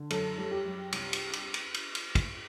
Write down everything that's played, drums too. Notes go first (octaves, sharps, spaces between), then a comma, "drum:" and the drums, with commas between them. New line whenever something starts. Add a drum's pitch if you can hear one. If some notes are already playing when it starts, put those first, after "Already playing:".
Already playing: D3
F#2 A4, drum: cymbal
G3
G4
F#2
C2, drum: cymbal
drum: cymbal
drum: cymbal
drum: cymbal
drum: cymbal
drum: cymbal
drum: kick, cymbal